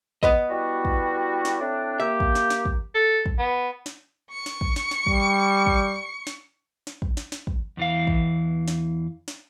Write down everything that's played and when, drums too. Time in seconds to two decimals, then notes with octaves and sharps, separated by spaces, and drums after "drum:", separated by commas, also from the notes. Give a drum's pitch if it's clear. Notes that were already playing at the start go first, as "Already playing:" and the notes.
0.23 B3 B4 D#5, drum: kick
0.50 G3 E4 F#4
0.85 drum: kick
1.45 drum: snare
1.60 A2 C4 D4
2.00 A#3 G4 E5
2.20 drum: kick
2.35 drum: snare
2.50 drum: snare
2.65 drum: kick
2.95 A4
3.26 drum: kick
3.39 B3
3.86 drum: snare
4.33 C#6 C#7
4.46 drum: snare
4.61 drum: kick
4.76 drum: snare
4.91 drum: snare
5.07 G3, drum: kick
5.66 drum: kick
6.27 drum: snare
6.87 drum: snare
7.02 drum: kick
7.17 drum: snare
7.32 drum: snare
7.47 drum: kick
7.77 E2 E3 F5
8.07 drum: kick
8.68 drum: snare
9.28 drum: snare